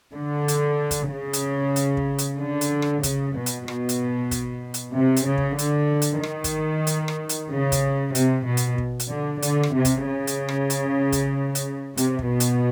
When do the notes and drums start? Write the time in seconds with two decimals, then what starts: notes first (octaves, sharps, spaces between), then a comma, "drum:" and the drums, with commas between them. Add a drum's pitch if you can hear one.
0.16 D3
0.48 drum: hi-hat
0.91 drum: kick, hi-hat
1.12 C#3
1.33 drum: hi-hat
1.76 drum: hi-hat
1.97 drum: kick
2.18 drum: hi-hat
2.40 D3
2.61 drum: hi-hat
2.82 drum: rim click
3.03 C#3, drum: kick, hi-hat
3.36 B2
3.46 drum: hi-hat
3.68 B2, drum: rim click
3.89 drum: hi-hat
4.31 drum: kick, hi-hat
4.74 drum: hi-hat
4.96 C3
5.16 drum: hi-hat
5.26 C#3
5.38 drum: kick
5.58 D3, drum: hi-hat
6.02 drum: hi-hat
6.23 D#3, drum: rim click
6.44 drum: kick, hi-hat
6.87 drum: hi-hat
7.08 drum: rim click
7.29 drum: hi-hat
7.51 C#3
7.72 drum: kick, hi-hat
8.15 C3, drum: hi-hat
8.46 B2
8.57 drum: hi-hat
8.78 drum: kick
9.00 drum: hi-hat
9.10 D3
9.42 D3, drum: hi-hat
9.63 drum: rim click
9.75 C3
9.85 drum: kick, hi-hat
10.06 C#3
10.27 drum: hi-hat
10.49 drum: rim click
10.70 drum: hi-hat
11.12 drum: kick, hi-hat
11.55 drum: hi-hat
11.97 C3, drum: hi-hat
12.19 drum: kick
12.29 B2
12.40 drum: hi-hat